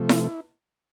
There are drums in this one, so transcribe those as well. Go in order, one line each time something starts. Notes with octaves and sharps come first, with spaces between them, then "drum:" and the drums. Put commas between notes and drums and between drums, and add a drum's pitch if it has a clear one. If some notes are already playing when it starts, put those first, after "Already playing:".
Already playing: C3 F3 A3
E4, drum: snare E4
E4